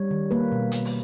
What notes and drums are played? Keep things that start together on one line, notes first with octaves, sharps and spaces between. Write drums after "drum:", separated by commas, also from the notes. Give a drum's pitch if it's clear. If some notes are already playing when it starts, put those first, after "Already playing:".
Already playing: G3 C#5
D#3
A#3 B4
B2
G3, drum: hi-hat
drum: open hi-hat